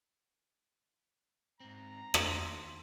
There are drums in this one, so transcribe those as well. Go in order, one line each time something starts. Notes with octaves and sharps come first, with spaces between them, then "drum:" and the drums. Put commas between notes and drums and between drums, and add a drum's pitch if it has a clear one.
G#2 C4 A#5
D#2 C6, drum: rim click